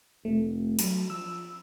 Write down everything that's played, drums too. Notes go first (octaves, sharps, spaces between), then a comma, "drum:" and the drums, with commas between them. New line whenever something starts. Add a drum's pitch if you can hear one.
F1 A3
F#3, drum: hi-hat
F3 E6